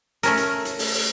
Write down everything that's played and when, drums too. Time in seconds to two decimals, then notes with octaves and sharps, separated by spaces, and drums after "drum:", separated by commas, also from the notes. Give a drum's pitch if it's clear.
0.23 A3 C#4 A#4, drum: hi-hat
0.37 drum: hi-hat
0.65 drum: hi-hat
0.79 drum: open hi-hat
0.93 drum: open hi-hat